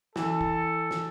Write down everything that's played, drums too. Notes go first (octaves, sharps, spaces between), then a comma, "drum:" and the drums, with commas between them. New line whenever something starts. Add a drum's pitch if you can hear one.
E3 A4, drum: snare
drum: kick
drum: snare